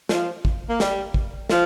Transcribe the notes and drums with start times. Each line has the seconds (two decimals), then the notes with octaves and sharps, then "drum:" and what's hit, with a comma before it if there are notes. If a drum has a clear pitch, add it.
0.09 F3, drum: snare
0.45 drum: kick
0.68 A#3
0.80 G3, drum: snare
1.14 drum: kick
1.49 F3, drum: snare